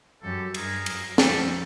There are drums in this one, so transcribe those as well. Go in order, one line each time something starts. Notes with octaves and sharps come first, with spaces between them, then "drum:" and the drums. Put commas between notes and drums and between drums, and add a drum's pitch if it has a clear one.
F#2 G4 A4
G2 G#4 A#4, drum: cymbal
F#2, drum: cymbal
F2 G4 A4, drum: snare